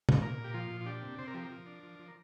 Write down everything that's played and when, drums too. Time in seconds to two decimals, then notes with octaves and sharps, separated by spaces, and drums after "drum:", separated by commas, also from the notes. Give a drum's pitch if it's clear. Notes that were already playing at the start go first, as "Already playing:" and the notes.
0.09 drum: tom
0.22 A#2 A#4
0.38 A#2
0.44 G4
0.54 F3 F4
0.71 A#2
0.81 F4
0.86 D4 G4
1.02 C3
1.18 C3 C5
1.27 A#4
1.34 F3 G4
1.44 A#4
1.50 F3
1.66 D4
1.83 F3
1.99 F3